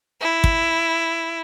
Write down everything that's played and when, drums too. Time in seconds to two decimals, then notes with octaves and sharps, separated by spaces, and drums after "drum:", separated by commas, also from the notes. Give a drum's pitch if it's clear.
0.21 E4
0.44 drum: kick